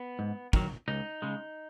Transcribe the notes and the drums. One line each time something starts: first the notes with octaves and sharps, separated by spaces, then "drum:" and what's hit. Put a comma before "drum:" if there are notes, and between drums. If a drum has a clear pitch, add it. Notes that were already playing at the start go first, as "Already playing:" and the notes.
Already playing: B3
G#2
D#3 F#3, drum: kick
C#2 D#4
C#3 G#3